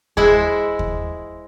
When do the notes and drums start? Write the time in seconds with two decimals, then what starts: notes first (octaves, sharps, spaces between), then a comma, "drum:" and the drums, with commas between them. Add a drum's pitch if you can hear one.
0.17 G#3 E4 C5 E5 F#5, drum: kick D#2
0.79 drum: kick D#2